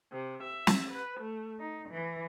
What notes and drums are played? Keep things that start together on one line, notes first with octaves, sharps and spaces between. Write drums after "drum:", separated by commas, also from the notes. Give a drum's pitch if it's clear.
C3
E5
drum: snare
B4
A3
D#4
E3